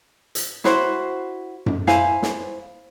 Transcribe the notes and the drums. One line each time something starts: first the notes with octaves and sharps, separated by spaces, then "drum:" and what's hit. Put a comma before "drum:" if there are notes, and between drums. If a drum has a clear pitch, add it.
drum: hi-hat
E4 F#4 C5, drum: snare
drum: tom F#2
E4 C5 F5 G#5, drum: snare
drum: snare